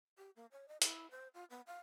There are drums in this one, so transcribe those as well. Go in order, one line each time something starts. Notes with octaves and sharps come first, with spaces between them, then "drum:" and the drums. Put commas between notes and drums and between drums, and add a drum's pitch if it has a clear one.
G4
A#3
C#5
D#5
E4, drum: hi-hat
C5
F4
B3
F5